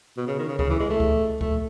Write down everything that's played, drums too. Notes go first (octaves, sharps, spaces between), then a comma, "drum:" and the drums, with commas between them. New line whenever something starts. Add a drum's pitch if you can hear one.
B2
C#3
D#3
C#3
C#3, drum: kick C#2
E3
G#3
A3
drum: kick C#2
A3, drum: kick C#2